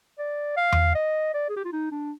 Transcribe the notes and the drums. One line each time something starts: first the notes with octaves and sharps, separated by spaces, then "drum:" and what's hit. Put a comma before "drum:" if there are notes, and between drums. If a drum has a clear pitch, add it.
D5
F5
drum: tom E2
D#5
D5
G#4
G4
F4
D#4
D4